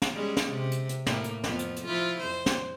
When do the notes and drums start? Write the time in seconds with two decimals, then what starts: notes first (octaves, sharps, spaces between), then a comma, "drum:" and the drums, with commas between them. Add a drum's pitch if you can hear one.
0.02 drum: snare
0.13 G3 G#3 C#4
0.37 drum: snare
0.50 C3
0.72 drum: hi-hat
0.89 drum: hi-hat
1.06 A2 A#3, drum: snare
1.24 drum: hi-hat
1.44 F2 F3 B3, drum: snare
1.59 drum: hi-hat
1.76 drum: hi-hat
1.86 F3 E4 F4
2.20 F2 C5
2.46 drum: snare